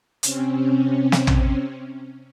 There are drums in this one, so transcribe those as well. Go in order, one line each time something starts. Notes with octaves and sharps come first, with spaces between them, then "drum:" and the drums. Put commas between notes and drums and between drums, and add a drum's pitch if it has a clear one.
C3 C4 C#4, drum: hi-hat
drum: snare
drum: tom